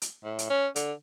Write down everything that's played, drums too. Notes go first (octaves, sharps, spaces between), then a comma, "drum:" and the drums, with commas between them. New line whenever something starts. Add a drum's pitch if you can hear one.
drum: hi-hat
A2
drum: hi-hat
C#4
D3, drum: hi-hat